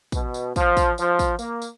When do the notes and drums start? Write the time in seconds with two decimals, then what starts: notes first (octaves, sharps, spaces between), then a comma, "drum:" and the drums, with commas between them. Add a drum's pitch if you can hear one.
0.12 B2, drum: kick, tambourine
0.34 drum: tambourine
0.56 F3, drum: kick, tambourine
0.77 drum: kick, tambourine
0.98 F3, drum: tambourine
1.19 drum: kick, tambourine
1.39 A#3, drum: tambourine
1.62 drum: tambourine